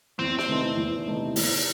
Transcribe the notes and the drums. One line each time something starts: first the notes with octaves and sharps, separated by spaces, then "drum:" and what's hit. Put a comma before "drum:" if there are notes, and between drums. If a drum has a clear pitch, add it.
E2 C4
C4, drum: snare
C3 E3 A3 D#4
E2
C3 E3 A3 D#4
E2, drum: open hi-hat